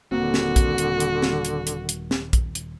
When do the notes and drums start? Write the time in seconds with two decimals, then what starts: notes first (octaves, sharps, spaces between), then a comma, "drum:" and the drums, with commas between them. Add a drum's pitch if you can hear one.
0.12 D#1 D3 A#3 C4 F#4
0.34 drum: snare
0.56 drum: kick A#1, hi-hat
0.78 drum: hi-hat
1.00 drum: hi-hat
1.22 drum: snare
1.45 drum: hi-hat
1.67 drum: hi-hat
1.89 drum: hi-hat
2.11 drum: snare
2.33 drum: kick A#1, hi-hat
2.55 drum: hi-hat